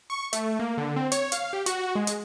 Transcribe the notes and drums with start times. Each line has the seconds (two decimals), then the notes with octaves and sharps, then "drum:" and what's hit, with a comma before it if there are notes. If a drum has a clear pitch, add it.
0.10 C#6
0.33 A3, drum: hi-hat
0.59 A#3
0.78 D3
0.96 C4
1.12 C#5, drum: hi-hat
1.32 F5, drum: hi-hat
1.53 G4
1.66 F#4, drum: hi-hat
1.95 G#3
2.07 drum: hi-hat